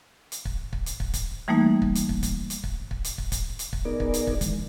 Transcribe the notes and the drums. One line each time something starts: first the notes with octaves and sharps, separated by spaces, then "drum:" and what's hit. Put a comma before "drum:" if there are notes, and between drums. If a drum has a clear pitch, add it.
drum: hi-hat
drum: kick
drum: kick
drum: hi-hat
drum: kick
drum: kick, hi-hat
E3 G3 A3 A#3 D#4
drum: kick
drum: hi-hat
drum: kick
drum: kick, hi-hat
drum: hi-hat
drum: kick
drum: kick
drum: hi-hat
drum: kick
drum: kick, hi-hat
drum: hi-hat
drum: kick
B3 D#4 G#4 A#4 D5
drum: kick
drum: hi-hat
drum: kick
D#3 E3 G#3, drum: kick, hi-hat